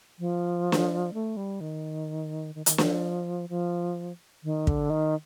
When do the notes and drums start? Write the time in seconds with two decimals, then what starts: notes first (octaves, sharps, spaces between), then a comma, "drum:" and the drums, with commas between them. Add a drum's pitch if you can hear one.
0.19 F3
0.72 drum: snare
1.14 A3
1.37 G3
1.61 D#3
2.55 D#3
2.66 D#3, drum: hi-hat
2.78 F3, drum: snare
3.49 F3
4.44 D#3
4.67 D3, drum: kick
4.90 D#3